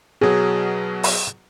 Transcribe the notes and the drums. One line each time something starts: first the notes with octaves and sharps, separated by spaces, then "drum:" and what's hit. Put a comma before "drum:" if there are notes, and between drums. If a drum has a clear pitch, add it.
B2 F#3 G#4
drum: open hi-hat